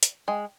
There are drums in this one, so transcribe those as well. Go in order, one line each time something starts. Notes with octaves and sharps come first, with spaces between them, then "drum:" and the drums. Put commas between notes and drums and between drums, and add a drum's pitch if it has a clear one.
drum: hi-hat
G#3